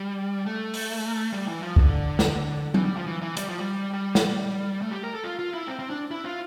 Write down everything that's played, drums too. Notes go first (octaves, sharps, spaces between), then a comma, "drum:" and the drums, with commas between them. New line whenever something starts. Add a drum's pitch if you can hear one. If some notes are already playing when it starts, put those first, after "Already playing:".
Already playing: G3
A3
drum: open hi-hat
G3
E3
F3
D3, drum: kick C2
drum: snare
E3, drum: tom F#3
G3
F3
E3
E3
G3, drum: hi-hat
F3
G3
G3
drum: snare
A3
G4
A#4
A4
F4
F4
E4
C4
C4
D4
E4
F4